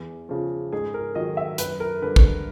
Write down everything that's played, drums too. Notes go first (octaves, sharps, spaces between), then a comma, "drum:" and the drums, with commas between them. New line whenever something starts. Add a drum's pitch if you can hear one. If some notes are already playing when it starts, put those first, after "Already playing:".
Already playing: E2
C#3 F3
G#2 G#4
A#4
D#3 F#3 D#5
E5
F#2 B4, drum: hi-hat
A#4
D3 G3 B4
drum: kick